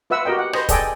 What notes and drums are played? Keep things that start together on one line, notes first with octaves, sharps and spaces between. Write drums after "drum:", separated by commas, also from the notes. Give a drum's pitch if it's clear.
F4 B4 E5 F#5 E6
F#4 G4 A#4 D#5 G5
F#5
B4 C5 D#5, drum: rim click
G#4 A4 D5 D#5 G5 G#5, drum: kick, hi-hat